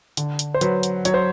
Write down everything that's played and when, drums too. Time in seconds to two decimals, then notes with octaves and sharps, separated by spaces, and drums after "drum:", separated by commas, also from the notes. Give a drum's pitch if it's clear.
0.17 D3, drum: hi-hat
0.39 drum: hi-hat
0.54 C5
0.61 F#3 B4, drum: hi-hat
0.83 drum: hi-hat
1.05 F#3 C#5, drum: hi-hat
1.14 C5